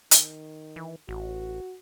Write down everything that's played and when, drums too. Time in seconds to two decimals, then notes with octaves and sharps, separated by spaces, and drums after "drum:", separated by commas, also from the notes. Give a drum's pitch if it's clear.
0.11 D#3, drum: hi-hat
0.76 E3
1.09 A1 F#4